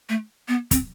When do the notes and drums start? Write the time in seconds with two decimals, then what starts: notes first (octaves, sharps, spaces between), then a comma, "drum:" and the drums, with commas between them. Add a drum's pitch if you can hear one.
0.09 A3
0.48 B3
0.71 C4, drum: kick, hi-hat